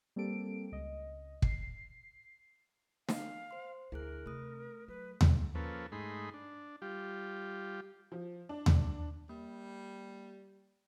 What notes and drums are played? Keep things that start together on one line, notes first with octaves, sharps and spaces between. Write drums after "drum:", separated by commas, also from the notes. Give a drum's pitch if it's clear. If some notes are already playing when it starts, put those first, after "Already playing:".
G3 A#3 C4 G4 A4 D7
C#2 D#5
C7, drum: kick
F5, drum: snare
C5 C6
D2 E4 G#4 A#4 F#6
C3 A3 D#6
F#3 B4
drum: tom D#2
F3 A#3 C#4 A4 B4
G#2 A3 D#4 G#4 B5 C6
D4
G3 F4 G4
F3
D4
drum: tom D#2
G3 A#3